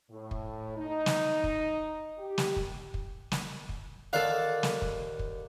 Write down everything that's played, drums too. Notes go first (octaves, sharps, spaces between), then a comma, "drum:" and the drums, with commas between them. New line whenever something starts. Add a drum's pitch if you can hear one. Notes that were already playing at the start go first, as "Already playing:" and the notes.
A2
drum: kick
D#4
drum: snare
drum: kick
G4
drum: snare
drum: kick
drum: kick
drum: snare
drum: kick
D#2 A4 D5 F5 F#5
drum: snare
drum: kick
drum: kick